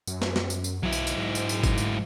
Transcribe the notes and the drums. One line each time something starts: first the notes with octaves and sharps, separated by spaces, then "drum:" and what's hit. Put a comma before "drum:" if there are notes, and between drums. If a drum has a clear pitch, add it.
F#2, drum: tambourine
drum: snare
drum: snare
drum: tambourine
drum: tambourine
B1 F#3 E4
drum: tambourine
drum: tambourine
G#2
drum: tambourine
drum: tambourine
drum: kick G1, tambourine
drum: tambourine